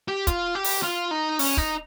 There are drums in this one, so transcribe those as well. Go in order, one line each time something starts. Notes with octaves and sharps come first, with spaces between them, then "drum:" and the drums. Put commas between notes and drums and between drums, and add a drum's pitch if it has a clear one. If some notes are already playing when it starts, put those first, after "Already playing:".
G4
F4, drum: kick, hi-hat
G4
drum: open hi-hat
F4
D#4
C#4, drum: open hi-hat
D#4, drum: kick